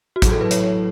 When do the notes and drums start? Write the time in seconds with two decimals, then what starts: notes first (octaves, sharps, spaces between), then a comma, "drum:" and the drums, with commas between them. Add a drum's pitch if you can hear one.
0.16 F#4
0.22 A1 A2 F#3 G#4, drum: kick, hi-hat
0.32 A4
0.41 B4
0.51 C#5, drum: hi-hat